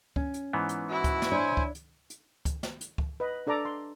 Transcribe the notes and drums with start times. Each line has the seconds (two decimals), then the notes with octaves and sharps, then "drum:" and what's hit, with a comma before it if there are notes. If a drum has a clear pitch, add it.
0.16 C#4, drum: kick C#2
0.34 drum: hi-hat
0.53 G#2 E3 B3
0.69 drum: hi-hat
0.91 E4 F#4
1.04 drum: kick C#2, hi-hat
1.22 drum: snare
1.32 D4 C5 C#5 G#5
1.57 drum: kick C#2
1.75 drum: hi-hat
2.10 drum: hi-hat
2.45 drum: kick C#2, hi-hat
2.63 drum: snare
2.81 drum: hi-hat
2.98 drum: kick C#2
3.20 B4 D#5
3.47 D4 A4 D5 A#5 D6
3.65 C6